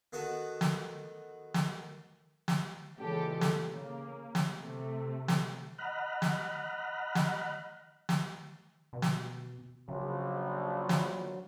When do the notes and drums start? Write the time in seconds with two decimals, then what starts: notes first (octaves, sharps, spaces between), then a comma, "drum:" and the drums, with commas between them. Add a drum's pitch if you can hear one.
0.13 D#3 B3 F#4 A4 A5
0.61 drum: snare
1.54 drum: snare
2.48 drum: snare
2.99 A#2 C#3 E3 G#3 G4 A4
3.41 drum: snare
3.69 C#3 A#3
4.35 drum: snare
4.58 C3 A3
5.28 drum: snare
5.78 D#5 F#5 A#5 B5 F6 F#6
6.22 drum: snare
7.15 drum: snare
8.09 drum: snare
8.93 B2
9.02 drum: snare
9.88 A#1 C#3 F#3
10.89 drum: snare